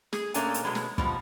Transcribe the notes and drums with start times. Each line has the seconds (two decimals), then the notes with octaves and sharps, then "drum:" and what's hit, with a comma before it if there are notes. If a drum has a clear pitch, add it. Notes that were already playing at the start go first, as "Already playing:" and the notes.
0.13 G#4, drum: snare
0.34 A#2 A3 A#3 C#4 D4 G#5, drum: hi-hat
0.54 drum: hi-hat
0.63 B2 F#3 G#3 B3
0.75 drum: snare
0.98 B2 F3 G3, drum: kick